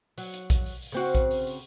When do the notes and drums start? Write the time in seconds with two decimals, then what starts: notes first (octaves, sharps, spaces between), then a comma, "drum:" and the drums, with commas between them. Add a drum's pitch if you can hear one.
0.18 F#3, drum: open hi-hat
0.34 drum: hi-hat
0.50 drum: kick A#1, hi-hat
0.66 drum: open hi-hat
0.82 drum: open hi-hat
0.92 C#3 C4 F#4
1.15 drum: kick A#1, hi-hat
1.31 drum: open hi-hat
1.47 drum: open hi-hat